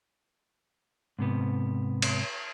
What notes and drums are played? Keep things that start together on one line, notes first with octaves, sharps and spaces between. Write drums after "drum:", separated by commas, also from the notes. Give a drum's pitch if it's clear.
G#2 C3 B3
drum: cymbal